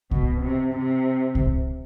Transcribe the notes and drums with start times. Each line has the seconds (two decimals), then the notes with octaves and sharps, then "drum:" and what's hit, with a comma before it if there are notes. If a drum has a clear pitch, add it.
0.11 B2, drum: kick C2
0.42 C3
0.74 C3
1.35 drum: kick C2